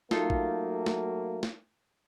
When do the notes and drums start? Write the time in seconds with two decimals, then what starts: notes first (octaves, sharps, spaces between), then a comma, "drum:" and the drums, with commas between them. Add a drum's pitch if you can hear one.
0.11 F#3 A3 A#3 D#4 F4 A4, drum: snare
0.30 drum: kick
0.86 drum: snare
1.43 drum: snare